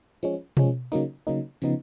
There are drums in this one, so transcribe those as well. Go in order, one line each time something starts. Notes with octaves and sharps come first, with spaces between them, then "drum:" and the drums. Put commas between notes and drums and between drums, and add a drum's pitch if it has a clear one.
F3 G#3 C#4, drum: tambourine
F3 G#3 C#4, drum: tom B2
C#3 F#3 A#3 D#4, drum: tambourine
C#3 F#3 A#3 D#4
C#3 F3 B3 D#4, drum: tambourine